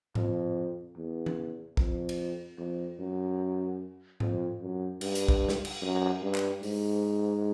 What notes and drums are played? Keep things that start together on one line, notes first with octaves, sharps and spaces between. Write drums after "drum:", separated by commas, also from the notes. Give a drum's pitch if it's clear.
F2, drum: tom G#2
E2
drum: tom E3
F2, drum: kick
drum: cymbal
F2
F#2
F2, drum: tom G#2
F#2
G2, drum: cymbal
drum: hi-hat
drum: kick
drum: snare
drum: cymbal
F#2
G2
drum: clap
G#2, drum: open hi-hat